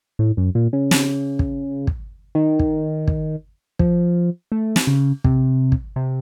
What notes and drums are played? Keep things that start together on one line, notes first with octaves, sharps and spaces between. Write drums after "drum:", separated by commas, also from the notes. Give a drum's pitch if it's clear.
A2
F#2
A#2
C#3
drum: snare
drum: kick
drum: kick
D#3
drum: kick
drum: kick
F3, drum: kick
A3
drum: snare
C#3
C3, drum: kick
drum: kick
C3